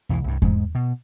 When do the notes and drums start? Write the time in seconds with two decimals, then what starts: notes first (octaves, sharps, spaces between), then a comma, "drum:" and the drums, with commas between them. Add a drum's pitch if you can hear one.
0.09 B1 E2 D#3 E3
0.24 C2 G2
0.42 G#2 G#3, drum: kick E2
0.75 B2